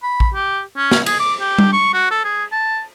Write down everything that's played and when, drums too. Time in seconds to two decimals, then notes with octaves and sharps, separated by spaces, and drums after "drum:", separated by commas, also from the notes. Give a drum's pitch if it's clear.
0.03 B5
0.20 drum: kick
0.34 G4
0.77 C#4
0.91 drum: snare
1.06 G#4, drum: cymbal
1.20 D6
1.40 G4
1.58 drum: tom G3
1.73 C#6
1.94 F#4
2.11 A4
2.24 G#4
2.52 A5